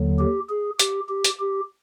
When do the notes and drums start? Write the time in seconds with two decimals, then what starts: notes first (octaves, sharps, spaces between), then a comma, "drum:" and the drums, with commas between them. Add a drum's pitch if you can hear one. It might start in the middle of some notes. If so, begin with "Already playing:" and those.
Already playing: D#2 D3 F#3
0.19 G4
0.50 G#4
0.79 G4, drum: hi-hat
1.09 G4
1.24 drum: hi-hat
1.40 G4